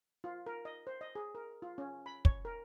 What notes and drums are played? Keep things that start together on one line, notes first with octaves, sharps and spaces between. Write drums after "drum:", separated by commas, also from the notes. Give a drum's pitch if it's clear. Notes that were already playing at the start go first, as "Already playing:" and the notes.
F4
A#4
D#5
C5
D#5
G#4
A#4
F4
C#4
B5
C#5, drum: kick
A#4